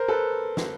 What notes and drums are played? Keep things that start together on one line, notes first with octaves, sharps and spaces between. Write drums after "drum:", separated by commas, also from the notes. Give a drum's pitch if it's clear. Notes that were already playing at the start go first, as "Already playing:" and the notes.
Already playing: A#4 C5
A4 B4
drum: snare